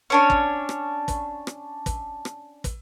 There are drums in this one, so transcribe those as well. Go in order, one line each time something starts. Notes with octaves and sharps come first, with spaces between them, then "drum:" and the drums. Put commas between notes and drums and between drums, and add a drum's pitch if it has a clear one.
C#4 D4 C#5
drum: kick
drum: rim click
drum: kick, hi-hat
drum: rim click
drum: kick, hi-hat
drum: rim click
drum: kick, hi-hat